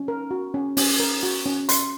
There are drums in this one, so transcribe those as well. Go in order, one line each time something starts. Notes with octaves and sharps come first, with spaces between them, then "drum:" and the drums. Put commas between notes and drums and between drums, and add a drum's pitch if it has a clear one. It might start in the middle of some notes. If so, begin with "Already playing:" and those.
Already playing: C#4
A#4
F#4
C#4
C#4, drum: open hi-hat
A#4
F#4
C#4
C6, drum: hi-hat